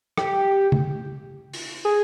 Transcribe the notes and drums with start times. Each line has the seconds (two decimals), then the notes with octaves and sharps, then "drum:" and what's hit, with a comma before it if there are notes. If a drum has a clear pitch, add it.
0.18 G4, drum: rim click
0.72 drum: tom C#3
1.53 drum: open hi-hat
1.85 G#4